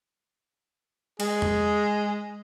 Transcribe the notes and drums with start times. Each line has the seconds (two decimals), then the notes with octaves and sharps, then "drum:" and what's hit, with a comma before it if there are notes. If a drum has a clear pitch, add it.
1.20 G#3 G#4, drum: cymbal
1.42 drum: tom E2